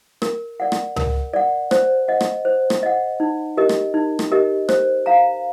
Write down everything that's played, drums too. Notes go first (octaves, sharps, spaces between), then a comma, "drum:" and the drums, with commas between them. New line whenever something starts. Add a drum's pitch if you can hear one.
A#4, drum: rim click
D5 F#5
drum: rim click
A#4, drum: tom C#2
D5 F#5
C5, drum: rim click
D#5 F#5
drum: rim click
C5
drum: rim click
D#5 F#5
D#4
G4 A#4 D#5
drum: rim click
D#4
drum: rim click
G4 A#4 D#5
C5, drum: rim click
F5 A#5